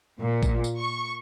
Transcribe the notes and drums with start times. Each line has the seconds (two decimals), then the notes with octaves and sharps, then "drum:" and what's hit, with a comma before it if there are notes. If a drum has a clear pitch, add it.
0.21 A#2
0.43 drum: kick, tambourine
0.64 drum: tambourine
0.77 C#6